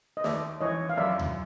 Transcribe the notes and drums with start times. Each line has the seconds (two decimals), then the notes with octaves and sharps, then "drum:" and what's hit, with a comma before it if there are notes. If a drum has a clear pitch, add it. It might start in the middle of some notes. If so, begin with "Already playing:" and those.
0.17 D#5
0.24 D#2 D5 E5, drum: snare
0.61 E3 C#5 D#5
0.90 F5
0.97 F#2 D5 E5
1.19 drum: tom D2